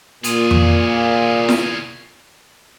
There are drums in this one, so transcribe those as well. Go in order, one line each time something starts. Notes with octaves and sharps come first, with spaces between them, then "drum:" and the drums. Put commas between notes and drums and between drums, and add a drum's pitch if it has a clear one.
A#2 F4 G#4, drum: hi-hat
drum: tom F2
drum: snare E4